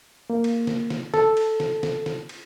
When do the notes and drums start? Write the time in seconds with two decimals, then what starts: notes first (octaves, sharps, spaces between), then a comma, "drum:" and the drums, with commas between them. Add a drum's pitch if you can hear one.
0.30 A#3
0.44 drum: cymbal
0.67 drum: snare
0.90 drum: snare
1.14 A4, drum: snare
1.37 drum: cymbal
1.60 drum: snare
1.83 drum: snare
2.06 drum: snare
2.29 drum: cymbal